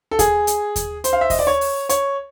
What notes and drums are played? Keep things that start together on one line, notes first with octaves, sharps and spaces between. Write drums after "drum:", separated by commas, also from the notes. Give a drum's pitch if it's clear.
A4
G#4, drum: kick D#2, hi-hat
drum: hi-hat
drum: kick D#2, hi-hat
C5, drum: hi-hat
F5
E5
D#5, drum: kick D#2, open hi-hat
D5
C#5
drum: open hi-hat
C#5, drum: hi-hat